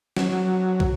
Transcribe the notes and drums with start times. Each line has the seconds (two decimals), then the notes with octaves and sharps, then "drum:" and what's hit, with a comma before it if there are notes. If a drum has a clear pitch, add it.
0.17 F#3, drum: snare
0.80 drum: kick